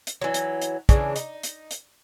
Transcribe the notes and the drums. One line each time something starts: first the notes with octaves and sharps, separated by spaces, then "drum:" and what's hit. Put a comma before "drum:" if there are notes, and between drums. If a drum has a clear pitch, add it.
drum: hi-hat
E3 F#3
drum: hi-hat
drum: hi-hat
C#3 E3 G#3 D4, drum: kick, hi-hat
D#4, drum: hi-hat
drum: hi-hat
drum: hi-hat